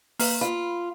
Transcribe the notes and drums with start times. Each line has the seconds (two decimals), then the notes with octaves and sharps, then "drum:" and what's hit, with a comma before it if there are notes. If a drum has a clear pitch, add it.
0.19 A#3 B4 F5, drum: open hi-hat
0.41 F4 B5